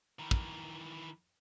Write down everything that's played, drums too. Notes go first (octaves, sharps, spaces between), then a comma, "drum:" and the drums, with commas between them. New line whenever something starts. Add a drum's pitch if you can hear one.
D#3 E3
drum: kick